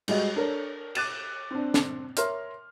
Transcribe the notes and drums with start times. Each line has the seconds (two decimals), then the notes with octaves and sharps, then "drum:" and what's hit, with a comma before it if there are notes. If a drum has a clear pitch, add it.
0.08 G3 G#3 F#4 D#5, drum: cymbal
0.36 D4 A4 A#4 C#5
0.95 D6 F#6 A6 D#7 E7, drum: cymbal
1.51 C4 D4
1.74 drum: snare
2.17 A#4 C#5 E5 C6 F6, drum: hi-hat